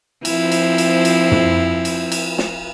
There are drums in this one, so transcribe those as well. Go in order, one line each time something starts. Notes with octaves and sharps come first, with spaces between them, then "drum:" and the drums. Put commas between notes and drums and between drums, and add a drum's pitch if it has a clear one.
F3 C4 E4, drum: cymbal
drum: cymbal
drum: cymbal
drum: cymbal
drum: tom
drum: cymbal
drum: cymbal
drum: snare